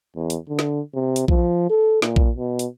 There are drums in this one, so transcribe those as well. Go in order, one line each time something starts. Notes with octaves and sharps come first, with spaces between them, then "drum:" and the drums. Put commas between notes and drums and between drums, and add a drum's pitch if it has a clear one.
E2
drum: hi-hat
D3
drum: snare
C3
drum: hi-hat
F3, drum: kick A#1
A4
A#2, drum: snare
drum: kick A#1
B2
drum: hi-hat